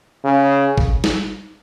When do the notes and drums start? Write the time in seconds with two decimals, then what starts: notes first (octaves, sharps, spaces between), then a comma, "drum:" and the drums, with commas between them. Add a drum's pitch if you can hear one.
0.24 C#3
0.78 drum: kick
1.04 drum: snare